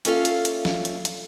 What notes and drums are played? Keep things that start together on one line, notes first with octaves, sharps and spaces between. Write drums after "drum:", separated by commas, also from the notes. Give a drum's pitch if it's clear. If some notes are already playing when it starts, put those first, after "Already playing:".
A#3 C#4 F4 A4 E5 F5, drum: hi-hat
drum: hi-hat
drum: hi-hat
drum: snare
drum: hi-hat
drum: hi-hat